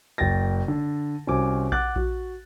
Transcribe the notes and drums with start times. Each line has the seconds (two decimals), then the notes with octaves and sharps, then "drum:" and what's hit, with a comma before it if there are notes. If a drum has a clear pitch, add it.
0.18 F#1 G5 A6 A#6
0.68 D3
1.27 C2 C#4 F#4 C5 G#5 D6
1.72 F#5 D6 F#6 A6, drum: kick A#1
1.96 F#4, drum: kick A#1